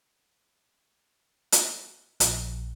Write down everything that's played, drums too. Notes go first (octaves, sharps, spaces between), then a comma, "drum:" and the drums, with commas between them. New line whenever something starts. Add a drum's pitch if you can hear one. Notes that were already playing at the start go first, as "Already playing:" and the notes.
drum: hi-hat
A#1, drum: hi-hat